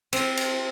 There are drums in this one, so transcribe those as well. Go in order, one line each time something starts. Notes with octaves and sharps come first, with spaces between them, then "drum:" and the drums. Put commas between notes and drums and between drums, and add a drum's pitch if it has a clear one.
C4, drum: cymbal
drum: cymbal